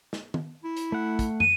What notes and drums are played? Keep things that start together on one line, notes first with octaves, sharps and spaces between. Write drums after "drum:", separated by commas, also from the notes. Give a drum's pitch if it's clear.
drum: snare
drum: tom
E4
drum: hi-hat
A3 F#5
drum: kick, hi-hat
D#7, drum: tom